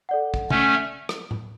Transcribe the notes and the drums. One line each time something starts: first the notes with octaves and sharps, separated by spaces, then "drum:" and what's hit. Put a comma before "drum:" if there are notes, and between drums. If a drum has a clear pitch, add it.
A4 D5 F#5
drum: kick
A3 C#4, drum: tom
drum: rim click
drum: tom A2